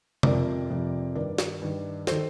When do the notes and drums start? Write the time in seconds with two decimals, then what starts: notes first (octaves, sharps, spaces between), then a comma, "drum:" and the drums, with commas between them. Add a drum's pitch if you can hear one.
0.23 F2 C3 F3 A#4 D5, drum: tom C3
0.70 F2 C3 F3
1.15 G2 D#3 A#4 D5
1.38 drum: snare
1.61 G2 D#3
2.07 D#3 A4 C5, drum: snare